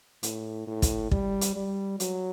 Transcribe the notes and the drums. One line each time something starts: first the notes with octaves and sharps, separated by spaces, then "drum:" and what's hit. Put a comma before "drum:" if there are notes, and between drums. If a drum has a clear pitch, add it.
A2, drum: hi-hat
A2
drum: kick, hi-hat
G3, drum: kick
drum: hi-hat
G3
F#3, drum: hi-hat